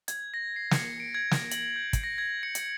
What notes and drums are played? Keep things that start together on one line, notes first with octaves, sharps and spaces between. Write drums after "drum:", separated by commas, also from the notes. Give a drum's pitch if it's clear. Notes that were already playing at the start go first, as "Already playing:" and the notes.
G#6, drum: hi-hat
A#6
C7
C#7, drum: snare
D7
G#6
drum: snare
F#7, drum: hi-hat
G6
drum: kick, hi-hat
A#6
G#6
C#7
drum: hi-hat